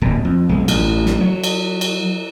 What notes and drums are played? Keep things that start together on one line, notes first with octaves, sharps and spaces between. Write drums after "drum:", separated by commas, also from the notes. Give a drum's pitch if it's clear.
D1 A#2
F2
B1 G#3
A1, drum: cymbal
drum: snare
F#3
drum: cymbal
drum: cymbal